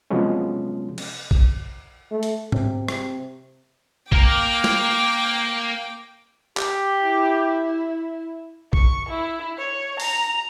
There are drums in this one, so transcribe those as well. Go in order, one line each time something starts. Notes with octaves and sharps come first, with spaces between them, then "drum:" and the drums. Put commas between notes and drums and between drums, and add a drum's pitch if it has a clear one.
C3 F3 F#3 G#3 B3 C#4
drum: cymbal
drum: kick A#1
A3
drum: hi-hat
C3, drum: tom G#2
C3, drum: rim click
A#3 A#4 G5 D6, drum: kick A#1
drum: snare
G4, drum: clap
E4
C#6, drum: kick A#1
E4
C#5
A#5, drum: open hi-hat